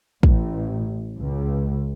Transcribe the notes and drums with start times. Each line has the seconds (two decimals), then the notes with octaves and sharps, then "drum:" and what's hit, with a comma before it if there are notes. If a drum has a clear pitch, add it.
0.23 A1, drum: kick
1.18 C#2